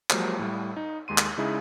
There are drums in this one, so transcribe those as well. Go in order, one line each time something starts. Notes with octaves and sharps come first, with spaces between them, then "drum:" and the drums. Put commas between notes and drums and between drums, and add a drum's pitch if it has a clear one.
F3 F#3 G#3 A#3 G4 C5, drum: clap
A2 G3
D#4
D#2 G#3 C6 D#7
drum: clap
C#3 G#3 D#4 E4 G#4